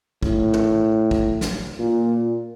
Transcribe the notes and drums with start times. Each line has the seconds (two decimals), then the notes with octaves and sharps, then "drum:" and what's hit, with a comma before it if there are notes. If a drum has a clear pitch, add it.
0.23 A2, drum: kick
0.54 drum: tom
1.11 drum: kick
1.41 drum: snare
1.79 A#2